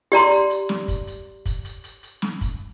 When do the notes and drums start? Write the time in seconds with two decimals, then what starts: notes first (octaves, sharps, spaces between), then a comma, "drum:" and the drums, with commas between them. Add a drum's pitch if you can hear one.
0.12 G4 D5 A#5 C6, drum: hi-hat
0.31 drum: hi-hat
0.50 drum: hi-hat
0.69 drum: snare
0.88 drum: kick, hi-hat
1.07 drum: hi-hat
1.46 drum: kick, hi-hat
1.65 drum: hi-hat
1.84 drum: hi-hat
2.03 drum: hi-hat
2.22 drum: snare
2.41 drum: kick, hi-hat